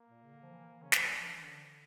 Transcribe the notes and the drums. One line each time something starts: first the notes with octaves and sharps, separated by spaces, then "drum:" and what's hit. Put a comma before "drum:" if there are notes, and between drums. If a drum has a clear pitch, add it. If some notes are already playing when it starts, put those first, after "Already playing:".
Already playing: A#3
A#2
C#3
D3
F3
E3
C#3 C#4
F3, drum: snare
G3
F3 D4
E3
D3